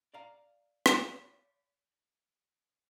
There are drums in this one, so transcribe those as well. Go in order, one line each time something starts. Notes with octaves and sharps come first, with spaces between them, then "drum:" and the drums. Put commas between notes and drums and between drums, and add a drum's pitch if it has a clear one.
D5 F5 A#5
drum: rim click